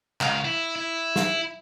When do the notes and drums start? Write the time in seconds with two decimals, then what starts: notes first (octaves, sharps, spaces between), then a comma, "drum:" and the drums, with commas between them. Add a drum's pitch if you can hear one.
0.21 C#2 F5, drum: clap
0.45 E4
0.76 E4
1.16 drum: snare